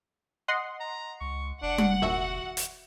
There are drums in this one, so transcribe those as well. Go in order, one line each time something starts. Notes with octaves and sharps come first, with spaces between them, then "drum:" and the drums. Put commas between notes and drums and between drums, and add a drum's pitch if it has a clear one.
D#5 F#5 C6
A#5
C#2 C#6
F1 D4 F#5
drum: tom G3
A#1 D#2 F#4 E5
drum: hi-hat